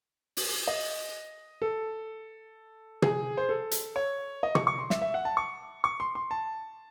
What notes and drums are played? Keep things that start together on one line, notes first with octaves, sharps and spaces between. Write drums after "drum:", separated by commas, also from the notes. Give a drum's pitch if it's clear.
drum: open hi-hat
D#5
A4
G#4, drum: tom
C5
A4
drum: hi-hat
C#5
D#5
C#6, drum: tom
C#6
C6
E5, drum: snare
E5
F#5
A5
C#6
C#6
C6
C6
A5